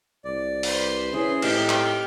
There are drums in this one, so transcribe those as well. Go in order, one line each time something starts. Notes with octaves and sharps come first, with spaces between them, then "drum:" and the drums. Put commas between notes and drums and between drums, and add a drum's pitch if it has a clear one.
C2 D5
B4 C5, drum: open hi-hat
E3 C#4 G#4
A2 C3 D#4 G4 G5 F6, drum: cymbal
drum: clap